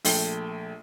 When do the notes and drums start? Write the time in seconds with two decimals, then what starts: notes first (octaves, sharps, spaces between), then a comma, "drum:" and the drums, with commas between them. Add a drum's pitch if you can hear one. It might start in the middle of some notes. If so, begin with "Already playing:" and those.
0.05 A#1 A3 G5 G7, drum: open hi-hat